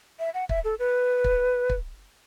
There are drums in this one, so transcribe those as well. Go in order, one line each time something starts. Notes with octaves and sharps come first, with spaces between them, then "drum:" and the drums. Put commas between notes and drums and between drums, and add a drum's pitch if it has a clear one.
E5
F#5
E5, drum: kick
A4
B4
drum: kick
drum: kick